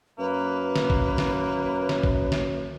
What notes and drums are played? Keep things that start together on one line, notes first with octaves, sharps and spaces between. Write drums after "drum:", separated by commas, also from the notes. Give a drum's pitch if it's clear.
F#2 A#3 B4
drum: snare
drum: kick
drum: snare
drum: snare
drum: kick
drum: snare